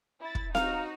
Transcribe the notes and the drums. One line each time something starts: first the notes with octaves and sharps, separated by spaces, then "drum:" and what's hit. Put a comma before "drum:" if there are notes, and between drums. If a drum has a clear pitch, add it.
E4 A6
drum: kick
D#4 F#4 F5, drum: snare C4